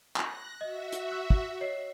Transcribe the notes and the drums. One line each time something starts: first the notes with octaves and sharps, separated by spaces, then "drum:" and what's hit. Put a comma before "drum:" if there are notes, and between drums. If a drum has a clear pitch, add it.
F#6 A#6, drum: clap
F#4 D#5 E5
drum: hi-hat
C#6 E6 F#6
drum: kick
C#5 D#5 C7